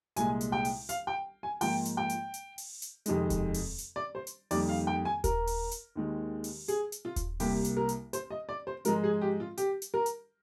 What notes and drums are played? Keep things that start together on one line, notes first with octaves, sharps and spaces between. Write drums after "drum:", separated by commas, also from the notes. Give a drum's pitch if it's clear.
C2 A#2 G#3 G#5, drum: hi-hat
drum: hi-hat
G5
drum: open hi-hat
F5, drum: hi-hat
G5
G#5
G#2 F3 A#3 G5, drum: open hi-hat
drum: hi-hat
G5
drum: hi-hat
drum: hi-hat
drum: open hi-hat
drum: hi-hat
F2 C3 D#3 G#3, drum: hi-hat
drum: kick D#1, hi-hat
drum: open hi-hat
drum: hi-hat
D5
C5
drum: hi-hat
F2 D#3 G3 A#3 D5, drum: open hi-hat
F5
G5
G#5
A#4, drum: kick D#1, hi-hat
drum: open hi-hat
drum: hi-hat
D#2 D#3 G#3
drum: open hi-hat
G#4, drum: hi-hat
drum: hi-hat
F4
drum: kick D#1, hi-hat
C2 C3 G3 A#3 G4, drum: open hi-hat
drum: hi-hat
A#4
drum: hi-hat
C5, drum: hi-hat
D#5
D5
C5
G#2 F3 G#3 A#4, drum: hi-hat
G#4
G4
F4
G4, drum: hi-hat
drum: hi-hat
A#4
drum: hi-hat